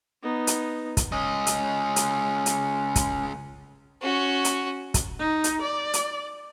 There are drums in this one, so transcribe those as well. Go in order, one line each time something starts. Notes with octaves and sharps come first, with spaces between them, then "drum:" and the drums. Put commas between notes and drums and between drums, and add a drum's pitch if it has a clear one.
B3 D#4
drum: hi-hat
drum: kick, hi-hat
C#2 C#4 D#5
drum: hi-hat
drum: hi-hat
drum: hi-hat
drum: kick, hi-hat
C#4 F#4
drum: hi-hat
drum: kick, hi-hat
D#4
drum: hi-hat
D5
drum: hi-hat